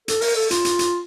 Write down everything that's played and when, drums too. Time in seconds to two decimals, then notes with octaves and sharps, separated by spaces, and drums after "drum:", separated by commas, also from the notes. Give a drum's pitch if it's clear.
0.08 A4, drum: hi-hat
0.21 A#4, drum: open hi-hat
0.36 A4
0.51 F4, drum: hi-hat
0.65 drum: hi-hat
0.79 drum: hi-hat